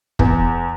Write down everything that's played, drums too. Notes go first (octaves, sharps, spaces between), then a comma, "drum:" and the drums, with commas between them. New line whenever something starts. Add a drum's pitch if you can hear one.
E2, drum: kick